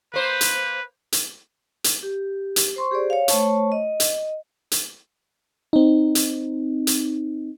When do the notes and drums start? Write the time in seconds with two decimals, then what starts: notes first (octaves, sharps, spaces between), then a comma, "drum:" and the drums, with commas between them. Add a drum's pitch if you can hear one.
0.14 A#3 B4 C5
0.41 drum: hi-hat
1.12 drum: hi-hat
1.84 drum: hi-hat
2.03 G4
2.56 drum: hi-hat
2.76 C5 C6 C#6
2.91 G4 G#4 C5 D5
3.10 C#5 F5
3.28 A3 C5 C#5 A5 C#6, drum: hi-hat
3.72 D#5
4.00 drum: hi-hat
4.72 drum: hi-hat
5.73 C4 D#4
6.15 drum: hi-hat
6.87 drum: hi-hat